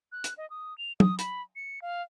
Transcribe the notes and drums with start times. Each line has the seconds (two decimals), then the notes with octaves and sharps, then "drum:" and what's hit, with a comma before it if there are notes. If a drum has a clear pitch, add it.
0.12 F#6
0.24 drum: hi-hat
0.38 D#5
0.50 D#6
0.78 F7
1.00 D#6, drum: tom
1.19 B5, drum: hi-hat
1.56 C#7
1.82 F5